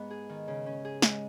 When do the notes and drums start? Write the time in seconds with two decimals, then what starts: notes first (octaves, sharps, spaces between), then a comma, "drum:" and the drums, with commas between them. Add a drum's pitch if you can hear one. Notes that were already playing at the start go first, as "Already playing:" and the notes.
Already playing: G#2 G#3 B3 D#4
0.10 G#4
0.29 D#3
0.48 C#3
0.66 C#4
0.85 G#4
1.02 G#3, drum: snare